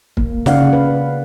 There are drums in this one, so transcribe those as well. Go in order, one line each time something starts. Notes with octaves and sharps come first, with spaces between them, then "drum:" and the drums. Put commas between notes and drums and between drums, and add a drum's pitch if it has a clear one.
A#3, drum: kick
C#3 C#4 D5 F5 F#5, drum: snare
B4